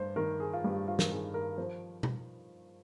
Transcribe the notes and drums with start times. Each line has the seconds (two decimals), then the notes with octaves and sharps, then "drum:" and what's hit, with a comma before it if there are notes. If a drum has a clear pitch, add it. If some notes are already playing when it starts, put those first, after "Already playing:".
Already playing: G2 C5
0.16 D#3 A#4
0.40 G#4
0.53 F4
0.64 G2 G4
0.88 F4
0.99 A#4, drum: snare
1.11 D#3 G#4
1.34 A#4
1.58 F3 C5
2.03 drum: tom B2